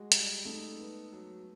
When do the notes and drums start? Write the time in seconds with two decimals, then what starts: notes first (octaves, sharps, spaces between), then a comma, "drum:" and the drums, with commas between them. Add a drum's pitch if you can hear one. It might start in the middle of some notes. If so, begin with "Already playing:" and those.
Already playing: G#3 F#4
0.12 G3, drum: hi-hat
0.45 A3 D#4
0.80 B3
1.12 F#3